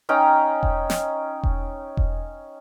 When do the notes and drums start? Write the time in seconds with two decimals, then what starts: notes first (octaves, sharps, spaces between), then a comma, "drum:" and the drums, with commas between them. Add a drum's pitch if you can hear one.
0.09 C#4 D#4 G5 A#5
0.63 drum: kick E1
0.90 drum: snare
1.43 drum: kick E1
1.97 drum: kick E1